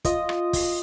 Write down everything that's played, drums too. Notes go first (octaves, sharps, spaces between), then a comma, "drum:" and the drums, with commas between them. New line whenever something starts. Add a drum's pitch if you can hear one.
F4 D#5 D#6, drum: kick, hi-hat
drum: rim click
drum: kick, open hi-hat